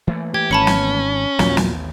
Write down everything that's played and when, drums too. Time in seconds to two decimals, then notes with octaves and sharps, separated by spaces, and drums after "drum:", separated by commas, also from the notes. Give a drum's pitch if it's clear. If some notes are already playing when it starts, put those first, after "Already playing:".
0.07 E3 A3 A#3
0.34 G4 G#6
0.51 G#1 C#4 A5 B5 C#7
0.67 drum: snare
1.39 A1 D#2 A#2 F3 F#3, drum: snare
1.57 drum: snare